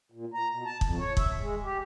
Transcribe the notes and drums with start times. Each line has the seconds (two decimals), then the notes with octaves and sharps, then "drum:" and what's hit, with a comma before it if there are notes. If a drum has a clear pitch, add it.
0.12 A#2
0.34 A#5
0.52 B2
0.66 A5
0.81 F2, drum: kick
0.99 C#5
1.17 E5, drum: kick
1.39 G#3
1.63 G4